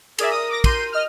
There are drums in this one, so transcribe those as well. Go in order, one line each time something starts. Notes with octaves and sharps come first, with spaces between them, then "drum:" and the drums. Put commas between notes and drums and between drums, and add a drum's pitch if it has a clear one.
G#4 A#4 D5 E5, drum: cymbal
D#6
D6 A#6
C6 G6 D#7, drum: kick, cymbal
D#5 F6